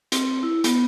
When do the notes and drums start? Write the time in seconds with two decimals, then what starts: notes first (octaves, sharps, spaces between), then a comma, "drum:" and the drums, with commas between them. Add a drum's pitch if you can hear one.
0.12 C4, drum: hi-hat
0.43 E4
0.64 B3, drum: hi-hat